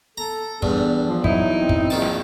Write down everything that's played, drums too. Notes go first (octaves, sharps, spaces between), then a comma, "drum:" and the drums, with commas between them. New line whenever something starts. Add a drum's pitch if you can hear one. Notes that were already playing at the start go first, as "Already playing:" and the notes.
A4 A#5
E2 G2 D4, drum: kick
F3
F#3 D#4 E4, drum: kick
C4
drum: kick
A#1 D#3 A5
drum: snare